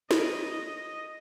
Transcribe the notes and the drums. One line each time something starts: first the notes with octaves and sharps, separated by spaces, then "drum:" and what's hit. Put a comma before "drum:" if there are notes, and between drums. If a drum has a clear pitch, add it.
D#5, drum: snare